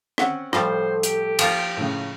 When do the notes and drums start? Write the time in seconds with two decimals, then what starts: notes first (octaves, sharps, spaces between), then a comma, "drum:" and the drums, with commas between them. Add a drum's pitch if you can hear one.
0.18 C4 C#4 F#5, drum: rim click
0.53 A2 F3 G3 A4 C5, drum: rim click
1.03 G4, drum: hi-hat
1.39 F3 A#3 F4 G5, drum: cymbal
1.77 A2 C#3